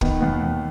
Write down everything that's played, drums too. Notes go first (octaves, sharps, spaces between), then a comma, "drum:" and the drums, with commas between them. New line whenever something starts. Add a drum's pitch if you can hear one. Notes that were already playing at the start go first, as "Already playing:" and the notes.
D#3 B3, drum: kick
D#2 B3
D#2